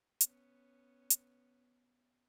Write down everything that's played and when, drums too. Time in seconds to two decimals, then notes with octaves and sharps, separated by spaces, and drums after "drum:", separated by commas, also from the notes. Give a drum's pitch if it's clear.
0.21 B3 C#4, drum: hi-hat
1.10 drum: hi-hat